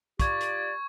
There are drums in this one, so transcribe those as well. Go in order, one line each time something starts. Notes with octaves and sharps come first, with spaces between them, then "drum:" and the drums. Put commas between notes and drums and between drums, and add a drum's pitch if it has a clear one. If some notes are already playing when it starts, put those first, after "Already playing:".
F4 G4 D5 C#6 G#6, drum: kick, hi-hat
drum: hi-hat